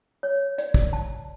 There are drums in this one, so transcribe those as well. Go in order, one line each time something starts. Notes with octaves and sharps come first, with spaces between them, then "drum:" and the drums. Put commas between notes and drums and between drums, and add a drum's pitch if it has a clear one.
C#5
D5, drum: hi-hat
drum: kick
A5